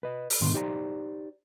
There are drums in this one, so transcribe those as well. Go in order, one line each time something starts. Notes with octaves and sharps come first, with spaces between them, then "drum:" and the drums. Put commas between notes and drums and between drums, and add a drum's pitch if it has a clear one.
B4 D#5
drum: open hi-hat
B1 G#2 D3 D#3 B3 C6
D#4 G4 C5 D5 G5 A#5